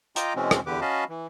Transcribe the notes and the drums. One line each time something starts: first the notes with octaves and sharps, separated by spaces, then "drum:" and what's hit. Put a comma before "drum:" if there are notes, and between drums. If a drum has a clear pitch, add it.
F4 D#5 G5 A#5 D6, drum: hi-hat
B2 E3 G#3 C4 C#4
drum: rim click
E2 D3 G4 B4 D6
C#4 F#4 D#5 F5 A5 B5
E3